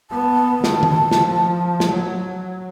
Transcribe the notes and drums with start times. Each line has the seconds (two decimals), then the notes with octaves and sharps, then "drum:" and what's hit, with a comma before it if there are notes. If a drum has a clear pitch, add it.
0.11 B3 A5
0.64 D#3, drum: snare
0.83 drum: tom
1.11 F3, drum: snare
1.80 drum: snare
1.90 F#3